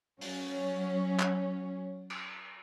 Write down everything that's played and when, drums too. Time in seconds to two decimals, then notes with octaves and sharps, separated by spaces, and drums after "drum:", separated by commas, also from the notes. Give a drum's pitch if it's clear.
0.21 F#3 C#4 C#5, drum: open hi-hat
1.20 drum: clap
2.10 drum: cymbal